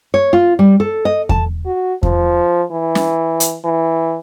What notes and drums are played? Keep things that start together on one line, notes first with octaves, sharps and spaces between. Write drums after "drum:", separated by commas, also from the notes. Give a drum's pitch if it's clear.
C#5
F4
G3
A4
D#5
A5, drum: kick E2
F#4
F3, drum: kick E2
E3
drum: snare
drum: hi-hat
E3